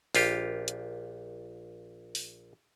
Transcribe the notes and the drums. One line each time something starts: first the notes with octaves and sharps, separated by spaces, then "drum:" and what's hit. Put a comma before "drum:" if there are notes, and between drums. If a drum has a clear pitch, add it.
A#1 F4 G4, drum: open hi-hat
drum: hi-hat
drum: open hi-hat